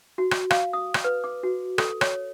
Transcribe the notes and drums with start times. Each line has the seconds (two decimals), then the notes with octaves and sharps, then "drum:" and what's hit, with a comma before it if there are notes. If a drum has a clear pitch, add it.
0.18 F#4
0.31 drum: rim click
0.50 F5, drum: rim click
0.73 D#6
0.94 drum: rim click
1.04 B4
1.24 D6
1.43 F#4
1.78 A4, drum: rim click
2.01 C#5, drum: rim click